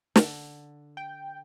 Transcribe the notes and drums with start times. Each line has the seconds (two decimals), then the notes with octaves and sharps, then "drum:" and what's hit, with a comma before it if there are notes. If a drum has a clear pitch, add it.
0.16 D3, drum: snare
0.97 G5